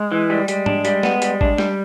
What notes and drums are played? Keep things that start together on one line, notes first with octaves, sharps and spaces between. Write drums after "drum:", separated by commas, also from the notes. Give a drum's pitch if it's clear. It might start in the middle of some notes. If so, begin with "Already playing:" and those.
Already playing: G#3
E3
G3
G3 G#3, drum: hi-hat
D4, drum: tom
G3, drum: hi-hat
B3, drum: snare
G3, drum: hi-hat
D4, drum: kick A1
G3, drum: snare